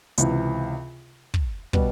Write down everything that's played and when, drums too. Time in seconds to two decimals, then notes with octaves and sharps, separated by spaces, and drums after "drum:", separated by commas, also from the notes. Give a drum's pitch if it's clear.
0.18 C#2 C3 E3, drum: hi-hat
1.34 drum: kick
1.73 B2 G3 B3, drum: kick